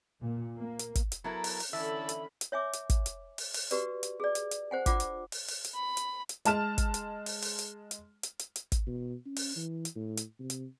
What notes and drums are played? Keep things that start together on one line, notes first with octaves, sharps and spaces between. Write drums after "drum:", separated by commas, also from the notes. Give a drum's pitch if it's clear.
A#2
A#3
drum: hi-hat
drum: kick, hi-hat
drum: hi-hat
F#3 B3 E4 A4 A#4
drum: open hi-hat
drum: open hi-hat
D3 E3 C#4 E4 A4 E5 B5
drum: hi-hat
drum: hi-hat
C#5 E5 G#5 D6
drum: hi-hat
drum: kick, hi-hat
drum: hi-hat
drum: open hi-hat
drum: open hi-hat
F#4 G4 B4 D5, drum: hi-hat
drum: hi-hat
G#4 D5
drum: hi-hat
drum: hi-hat
C5 F#5 G#5
D4 F4 F#5 D6, drum: kick, hi-hat
drum: hi-hat
drum: open hi-hat
drum: open hi-hat
drum: hi-hat
B5
drum: hi-hat
drum: hi-hat
G#3 A5 F6 E7, drum: hi-hat
drum: kick, hi-hat
drum: hi-hat
drum: open hi-hat
drum: open hi-hat
drum: hi-hat
drum: hi-hat
drum: hi-hat
drum: hi-hat
drum: hi-hat
drum: kick, hi-hat
B2
C#4
drum: open hi-hat
E3
drum: hi-hat
A2
drum: hi-hat
C3
drum: hi-hat